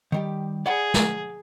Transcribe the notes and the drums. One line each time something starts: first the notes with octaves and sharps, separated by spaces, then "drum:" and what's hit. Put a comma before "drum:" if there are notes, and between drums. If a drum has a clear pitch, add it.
D#3 G3 G4
G#4 D5 F#5 B5
drum: snare